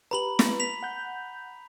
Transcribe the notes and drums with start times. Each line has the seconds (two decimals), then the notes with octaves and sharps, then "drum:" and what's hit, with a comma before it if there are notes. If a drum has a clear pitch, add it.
0.11 G4 B4 A#5 B5 F#7
0.39 drum: snare
0.60 B6 F7
0.83 F#5 G6